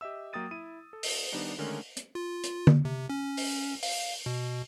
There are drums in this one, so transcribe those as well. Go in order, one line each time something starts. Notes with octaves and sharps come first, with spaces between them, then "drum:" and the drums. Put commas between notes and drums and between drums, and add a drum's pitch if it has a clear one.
G4 D#5 E5 E6
F#3 A#3 G5 D#6 A6 D#7
E4 D#7
A4
drum: open hi-hat
D#3 G3 B3 D4 D#4
D3 D#3 G#3 A3 C#4 A#4
drum: hi-hat
F4
drum: hi-hat
drum: tom D3
C3
C#4
drum: open hi-hat
F5, drum: open hi-hat
B2